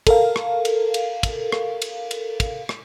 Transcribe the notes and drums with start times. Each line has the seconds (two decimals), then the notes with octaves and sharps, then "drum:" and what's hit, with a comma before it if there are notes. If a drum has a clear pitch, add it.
0.07 A4 A#4 F5, drum: kick, cymbal
0.36 drum: rim click
0.65 drum: cymbal
0.94 drum: cymbal
1.23 drum: kick, cymbal
1.52 drum: rim click
1.82 drum: cymbal
2.11 drum: cymbal
2.40 drum: kick, cymbal
2.69 drum: rim click